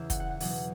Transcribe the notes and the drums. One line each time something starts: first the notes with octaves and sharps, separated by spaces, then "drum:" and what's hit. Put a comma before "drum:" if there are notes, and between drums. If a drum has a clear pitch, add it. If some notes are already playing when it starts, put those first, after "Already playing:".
Already playing: E2 C#3 E3 E5
F#5, drum: kick, hi-hat
F#5
F#5
E2 B2 F#3, drum: open hi-hat